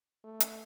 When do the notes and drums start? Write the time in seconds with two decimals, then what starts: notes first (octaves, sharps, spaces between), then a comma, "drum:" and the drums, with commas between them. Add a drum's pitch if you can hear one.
0.24 A3
0.40 drum: hi-hat